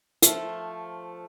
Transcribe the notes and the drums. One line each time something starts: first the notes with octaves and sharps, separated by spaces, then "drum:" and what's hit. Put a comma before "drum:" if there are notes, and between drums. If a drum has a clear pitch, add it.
F3 A3, drum: hi-hat